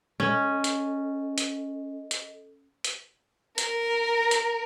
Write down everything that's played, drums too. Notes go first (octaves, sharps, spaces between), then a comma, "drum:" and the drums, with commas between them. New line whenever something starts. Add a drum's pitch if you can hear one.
C#4 A4 D#5
drum: hi-hat
drum: hi-hat
drum: hi-hat
drum: hi-hat
A#4, drum: hi-hat
drum: hi-hat